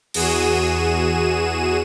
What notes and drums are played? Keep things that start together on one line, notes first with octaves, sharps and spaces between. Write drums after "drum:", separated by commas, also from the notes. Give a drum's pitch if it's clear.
E2 F#4 G#4 D#7 E7, drum: open hi-hat